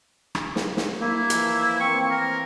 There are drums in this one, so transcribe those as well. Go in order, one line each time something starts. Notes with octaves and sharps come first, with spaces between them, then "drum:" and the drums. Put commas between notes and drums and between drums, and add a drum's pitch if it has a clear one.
drum: rim click
drum: snare
drum: snare
A#3 E4
E3 F3, drum: hi-hat
C4 E5 C#6
C4
A#4